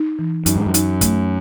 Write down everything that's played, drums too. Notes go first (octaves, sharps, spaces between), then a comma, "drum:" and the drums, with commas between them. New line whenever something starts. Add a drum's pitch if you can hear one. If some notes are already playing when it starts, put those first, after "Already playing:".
Already playing: D#4
E3
F#2 D#4, drum: hi-hat
G#2
F#2
D#4, drum: hi-hat
A3, drum: kick, hi-hat